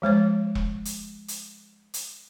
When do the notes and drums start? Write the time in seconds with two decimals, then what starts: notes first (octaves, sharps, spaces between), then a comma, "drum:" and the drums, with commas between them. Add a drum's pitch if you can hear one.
0.02 F3 G#3 C5 C#5
0.55 drum: kick E1
0.85 drum: hi-hat
1.28 drum: hi-hat
1.94 drum: hi-hat